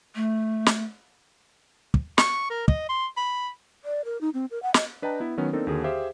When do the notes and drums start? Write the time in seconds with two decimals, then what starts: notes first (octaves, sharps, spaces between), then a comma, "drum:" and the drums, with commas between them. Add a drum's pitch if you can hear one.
0.15 A3
0.66 drum: snare
1.94 drum: kick
2.18 C#6, drum: snare
2.50 A#4
2.68 D#5, drum: kick
2.89 C6
3.17 B5
3.85 D5
4.05 A#4
4.21 D#4
4.34 C4
4.51 A#4
4.63 F#5
4.74 D#5, drum: snare
5.02 D4 B4 D#5 G5 A5 A#5
5.20 B3 E4
5.38 D#3 F#3 B3 C#4
5.53 A#3 C4 D4 D#4 A4 A#4
5.67 D#2 D3 F#4 G#4 A#4
5.84 G4 G#4 C5 E5 F5